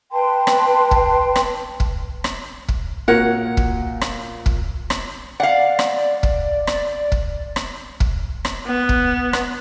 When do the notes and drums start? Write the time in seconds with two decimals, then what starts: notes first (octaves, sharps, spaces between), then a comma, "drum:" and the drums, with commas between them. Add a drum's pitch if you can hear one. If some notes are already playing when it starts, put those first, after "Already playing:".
0.12 B4 G5 A5 C6
0.47 drum: rim click
0.91 drum: kick
1.36 drum: rim click
1.80 drum: kick
2.24 drum: rim click
2.68 drum: kick
3.08 A#2 F#4 A#4 C#5 F#5
3.57 drum: kick
4.01 drum: rim click
4.46 drum: kick
4.90 drum: rim click
5.40 D5 F5 F#5
5.79 drum: rim click
6.23 drum: kick
6.67 drum: rim click
7.12 drum: kick
7.56 drum: rim click
8.00 drum: kick
8.45 drum: rim click
8.67 B3
8.89 drum: kick
9.33 drum: rim click